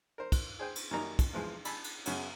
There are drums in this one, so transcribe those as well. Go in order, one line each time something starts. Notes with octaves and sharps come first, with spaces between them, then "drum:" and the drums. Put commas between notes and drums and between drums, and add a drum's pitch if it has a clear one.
A#4 C5
drum: kick, cymbal
G#4 C5 G5
drum: cymbal
F#2 D#3 G3 A#3 D#4 A#5
drum: kick, cymbal
B1 E3 F3 G#3 G#5
G#5 A5 B5 E6, drum: cymbal
drum: cymbal
F#2 C#3 B3 C#4, drum: cymbal